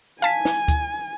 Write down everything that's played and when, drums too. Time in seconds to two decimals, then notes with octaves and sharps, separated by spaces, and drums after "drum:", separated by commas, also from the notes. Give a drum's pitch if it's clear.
0.22 F5 G#5 A5 B6, drum: hi-hat
0.45 drum: snare
0.68 drum: kick D2, hi-hat